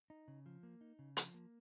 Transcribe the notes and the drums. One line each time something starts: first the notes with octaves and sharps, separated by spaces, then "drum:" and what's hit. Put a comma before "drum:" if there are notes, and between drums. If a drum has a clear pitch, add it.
D#4
C#3
F3
A#3
D#4
C#3
F3, drum: hi-hat
A#3